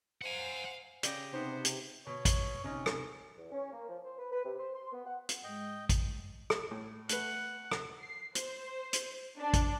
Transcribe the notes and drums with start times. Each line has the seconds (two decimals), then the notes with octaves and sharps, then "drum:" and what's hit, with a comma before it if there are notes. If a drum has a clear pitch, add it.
0.22 C5 F5 F#5 G#5
1.03 C#3 G4 D5 D#5, drum: hi-hat
1.33 C3 B3 D#4 C5
1.65 drum: hi-hat
2.07 B2 C#5
2.25 drum: kick, hi-hat
2.64 C3 C#4 D#4
2.86 drum: rim click
3.38 E2
3.52 C#4
3.72 A#3
3.89 F3
4.04 C5
4.18 B4
4.32 B4
4.45 C3
4.58 C5
4.75 C6
4.93 B3
5.06 F#5
5.29 drum: hi-hat
5.44 G#2 G#3 D#5 G5
5.89 drum: kick, hi-hat
6.50 drum: rim click
6.71 A2
7.09 A3 B4 F#5, drum: hi-hat
7.72 drum: rim click
8.02 C7
8.35 C5, drum: hi-hat
8.93 drum: hi-hat
9.38 D4
9.54 drum: kick, hi-hat